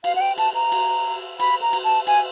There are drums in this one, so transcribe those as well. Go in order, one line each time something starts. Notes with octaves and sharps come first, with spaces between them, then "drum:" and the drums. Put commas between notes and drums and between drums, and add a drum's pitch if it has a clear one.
F5, drum: cymbal
F#5
G5
A5, drum: cymbal
A#5
drum: cymbal
B5, drum: cymbal
A#5
drum: cymbal
A5
G#5, drum: cymbal